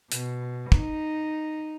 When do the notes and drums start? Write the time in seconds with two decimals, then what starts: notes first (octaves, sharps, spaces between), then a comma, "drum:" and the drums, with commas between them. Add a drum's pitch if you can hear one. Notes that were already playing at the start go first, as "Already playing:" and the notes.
0.12 B2, drum: hi-hat
0.72 D#4, drum: kick